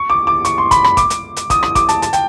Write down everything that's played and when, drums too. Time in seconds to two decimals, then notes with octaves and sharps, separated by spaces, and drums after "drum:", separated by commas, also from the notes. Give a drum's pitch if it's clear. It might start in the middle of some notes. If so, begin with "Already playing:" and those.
Already playing: C#6
0.10 D6
0.27 D6
0.45 C#6, drum: hi-hat
0.58 C6
0.71 B5, drum: kick, hi-hat
0.84 B5, drum: rim click
0.97 D6, drum: kick, hi-hat
1.10 drum: hi-hat
1.36 drum: hi-hat
1.50 D#6, drum: kick, hi-hat
1.63 D#6, drum: rim click
1.75 D6, drum: kick, hi-hat
1.89 A5, drum: hi-hat
2.02 A5, drum: hi-hat
2.13 G5, drum: hi-hat